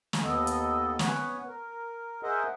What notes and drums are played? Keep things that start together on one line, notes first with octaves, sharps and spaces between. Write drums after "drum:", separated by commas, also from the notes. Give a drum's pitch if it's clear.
drum: snare
D#2 B3 A4 D#5
drum: hi-hat
B3 C#4 B4 C#5 F#5, drum: snare
A#4
G#4 A#4 C5 D#5 E5 F#5